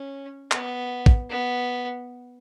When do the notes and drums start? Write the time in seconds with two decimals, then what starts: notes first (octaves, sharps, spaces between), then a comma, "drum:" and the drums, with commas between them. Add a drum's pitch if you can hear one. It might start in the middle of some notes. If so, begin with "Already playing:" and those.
Already playing: C#4
0.51 B3, drum: clap
1.06 drum: kick
1.30 B3